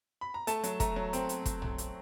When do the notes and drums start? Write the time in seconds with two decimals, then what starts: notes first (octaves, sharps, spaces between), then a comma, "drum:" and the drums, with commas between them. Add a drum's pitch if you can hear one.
0.21 B5
0.34 A#5
0.47 A3 A5, drum: hi-hat
0.64 F#3, drum: hi-hat
0.80 A3 A#5, drum: kick, hi-hat
0.96 F#3
1.13 C4, drum: hi-hat
1.29 drum: hi-hat
1.46 drum: kick, hi-hat
1.62 drum: tom A#1
1.78 drum: hi-hat